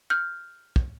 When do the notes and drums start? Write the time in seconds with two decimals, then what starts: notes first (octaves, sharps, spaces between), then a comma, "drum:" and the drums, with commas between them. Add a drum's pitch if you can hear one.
0.10 F6 G6
0.76 drum: kick